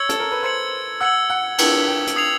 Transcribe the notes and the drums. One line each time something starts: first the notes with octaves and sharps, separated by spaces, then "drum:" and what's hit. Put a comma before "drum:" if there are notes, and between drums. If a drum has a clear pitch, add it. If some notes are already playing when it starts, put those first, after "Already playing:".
Already playing: C#5 E6 G#6 C#7 F#7
A4, drum: hi-hat
A#4
B4
C5 E6 G#6 C#7 F#7
F#5 E6 G#6 C#7 F#7
F#5
G5 E6 G#6 C#7 F#7, drum: cymbal
G5
drum: hi-hat
D#6 G#6 C7 F7